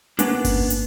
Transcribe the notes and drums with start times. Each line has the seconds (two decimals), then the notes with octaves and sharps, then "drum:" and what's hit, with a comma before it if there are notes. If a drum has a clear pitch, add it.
0.19 A#3 B3 C#4 D4, drum: hi-hat
0.45 drum: kick G1, open hi-hat
0.70 drum: hi-hat